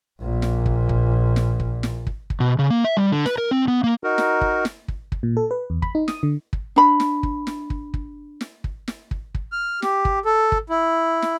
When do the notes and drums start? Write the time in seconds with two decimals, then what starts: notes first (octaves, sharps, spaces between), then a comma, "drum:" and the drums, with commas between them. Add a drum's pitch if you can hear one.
0.22 A#1 A#2
0.42 drum: snare
0.66 drum: kick
0.89 drum: kick
1.36 drum: snare
1.60 drum: kick
1.83 drum: snare
2.07 drum: kick
2.30 drum: kick
2.40 B2
2.59 C#3
2.70 A#3
2.84 E5
2.97 G3
3.12 D3
3.26 B4, drum: snare
3.38 A#4
3.51 C4
3.68 B3
3.84 A#3
4.04 D#4 F#4 A#4
4.18 drum: snare
4.41 drum: kick
4.65 drum: snare
4.88 drum: kick
5.12 drum: kick
5.23 A#2
5.37 A4
5.51 B4
5.70 E2
5.82 B5, drum: kick
5.95 D#4
6.08 D#6, drum: snare
6.23 D3
6.53 drum: kick
6.76 D4 B5
7.00 drum: snare
7.23 drum: kick
7.47 drum: snare
7.70 drum: kick
7.94 drum: kick
8.41 drum: snare
8.64 drum: kick
8.88 drum: snare
9.11 drum: kick
9.35 drum: kick
9.52 F6
9.82 G4, drum: snare
10.05 drum: kick
10.25 A4
10.52 drum: kick
10.70 E4
11.22 drum: snare